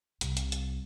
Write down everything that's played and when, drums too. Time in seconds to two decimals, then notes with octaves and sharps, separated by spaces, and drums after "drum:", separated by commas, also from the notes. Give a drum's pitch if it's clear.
0.21 C2 C3, drum: hi-hat
0.37 drum: hi-hat
0.52 drum: hi-hat